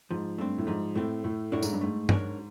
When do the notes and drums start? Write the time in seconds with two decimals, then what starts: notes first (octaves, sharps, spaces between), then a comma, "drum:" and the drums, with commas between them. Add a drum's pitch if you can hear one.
0.11 G#2 F3
0.38 G2 A3 C4
0.58 A2
0.67 G#2 F3
0.95 A2 A3 C4
1.24 A2 A3
1.52 A2 D4 F#4 A#4 C#5
1.63 G#2, drum: tambourine
1.73 G2
1.81 G#2 A3
2.09 D4 F#4 A#4 C#5, drum: tom G2